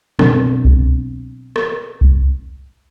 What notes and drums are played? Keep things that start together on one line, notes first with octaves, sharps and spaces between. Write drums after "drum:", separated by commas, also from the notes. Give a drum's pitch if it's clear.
B2 F#3 C4 D4, drum: rim click
drum: kick C2
drum: rim click
drum: kick C2